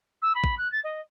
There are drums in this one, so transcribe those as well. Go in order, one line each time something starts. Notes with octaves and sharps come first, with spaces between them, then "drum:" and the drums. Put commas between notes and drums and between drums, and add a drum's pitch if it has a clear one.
E6
B5
drum: kick
F#6
A6
D#5